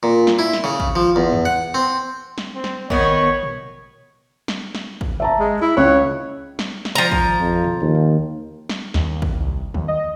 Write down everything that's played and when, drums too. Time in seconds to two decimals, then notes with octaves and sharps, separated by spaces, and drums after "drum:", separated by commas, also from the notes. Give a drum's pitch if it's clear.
0.03 A#2
0.27 drum: snare
0.39 E4
0.53 drum: snare
0.64 C#3
0.80 drum: kick
0.96 F3
1.16 E2
1.32 drum: tom E2
1.45 F#5
1.74 C4
2.38 drum: snare
2.55 C4
2.64 drum: snare
2.90 D#3 B3 C#5, drum: kick
3.43 drum: tom A#2
4.48 drum: snare
4.75 drum: snare
5.01 drum: kick
5.20 E5 A5 A#5
5.39 G#3
5.61 E4
5.77 C#2 C#5 F#6
6.59 drum: snare
6.85 drum: snare
6.95 F3 A#5
7.12 drum: kick
7.40 F2
7.64 drum: tom A#2
7.81 D#2
8.69 drum: snare
8.94 D#2, drum: snare
9.22 drum: kick
9.40 C2
9.74 D#2, drum: tom D#3
9.88 D#5